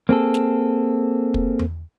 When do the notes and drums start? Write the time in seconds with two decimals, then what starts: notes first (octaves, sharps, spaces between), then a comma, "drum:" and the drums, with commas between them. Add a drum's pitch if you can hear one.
0.09 A#3 C4 G#4 A4
0.34 drum: snare
1.34 drum: kick
1.59 drum: tom E2